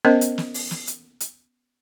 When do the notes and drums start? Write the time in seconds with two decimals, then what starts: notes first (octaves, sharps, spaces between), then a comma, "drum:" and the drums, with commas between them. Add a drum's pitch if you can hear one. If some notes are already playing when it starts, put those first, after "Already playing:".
0.05 B3 C#4 A#4 C5 D#5
0.21 drum: hi-hat
0.38 drum: snare
0.54 drum: open hi-hat
0.71 drum: snare
0.87 drum: hi-hat
1.20 drum: hi-hat